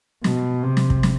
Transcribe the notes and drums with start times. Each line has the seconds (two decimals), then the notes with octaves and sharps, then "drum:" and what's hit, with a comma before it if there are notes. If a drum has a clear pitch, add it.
0.24 B2, drum: snare
0.63 C3
0.77 drum: snare
0.90 drum: kick
1.03 drum: snare